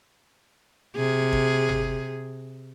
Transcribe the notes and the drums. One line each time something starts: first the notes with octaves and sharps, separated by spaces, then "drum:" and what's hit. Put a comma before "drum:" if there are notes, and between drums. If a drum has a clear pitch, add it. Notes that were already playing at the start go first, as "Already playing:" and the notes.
C3 G#4
drum: kick
drum: tom G1